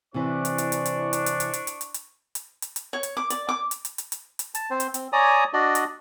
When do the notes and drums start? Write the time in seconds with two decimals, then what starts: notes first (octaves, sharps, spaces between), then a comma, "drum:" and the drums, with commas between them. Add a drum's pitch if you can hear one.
0.14 C3 E3 D4 E4 C5 D5 C#6
0.45 drum: hi-hat
0.58 drum: hi-hat
0.72 drum: hi-hat
0.86 drum: hi-hat
1.13 drum: hi-hat
1.26 drum: hi-hat
1.40 drum: hi-hat
1.54 drum: hi-hat
1.67 drum: hi-hat
1.81 drum: hi-hat
1.94 drum: hi-hat
2.35 drum: hi-hat
2.62 drum: hi-hat
2.76 drum: hi-hat
2.93 C#5
3.03 drum: hi-hat
3.17 D6
3.30 D5, drum: hi-hat
3.49 D6
3.71 drum: hi-hat
3.85 drum: hi-hat
3.98 drum: hi-hat
4.12 drum: hi-hat
4.39 drum: hi-hat
4.55 A5, drum: hi-hat
4.70 C4 C5
4.80 drum: hi-hat
4.94 C4, drum: hi-hat
5.13 C#5 D5 G#5 A#5 D#6
5.53 D4 F#4 D5 D#5
5.75 drum: hi-hat